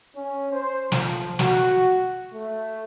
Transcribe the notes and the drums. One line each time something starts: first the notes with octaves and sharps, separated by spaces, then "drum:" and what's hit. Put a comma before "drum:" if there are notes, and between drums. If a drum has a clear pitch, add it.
C#4
C5
F3, drum: snare
F#4, drum: snare
A3